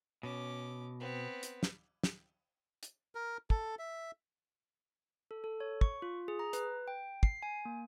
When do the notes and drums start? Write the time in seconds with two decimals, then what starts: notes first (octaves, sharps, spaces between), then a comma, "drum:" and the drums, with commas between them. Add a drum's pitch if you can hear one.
0.23 B2 C#4 D6
1.00 B3 C4
1.43 drum: hi-hat
1.63 drum: snare
2.04 drum: snare
2.83 drum: hi-hat
3.15 A#4
3.50 A4, drum: kick
3.79 E5
5.31 A4
5.44 A4
5.60 C#5
5.81 C#6, drum: kick
6.02 F4
6.28 G#4
6.39 A#5
6.53 B4, drum: hi-hat
6.88 G5
7.23 C7, drum: kick
7.43 G#5
7.65 A#3